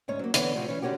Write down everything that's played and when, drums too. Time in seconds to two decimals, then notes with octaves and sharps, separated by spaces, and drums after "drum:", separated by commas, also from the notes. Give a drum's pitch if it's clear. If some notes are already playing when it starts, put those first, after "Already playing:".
0.08 D2 G#2 C#4 C#5
0.19 F#3 A#3
0.34 D3 E3 B3 C#5, drum: hi-hat
0.55 A2 C3 F3 E4 F#4
0.68 E3 C#4
0.82 D3 D#3 C#4 F#4 G4